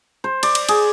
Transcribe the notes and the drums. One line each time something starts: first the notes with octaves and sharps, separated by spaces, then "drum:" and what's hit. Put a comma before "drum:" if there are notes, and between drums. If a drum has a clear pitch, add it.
C5
D5, drum: cymbal
drum: cymbal
G#4, drum: cymbal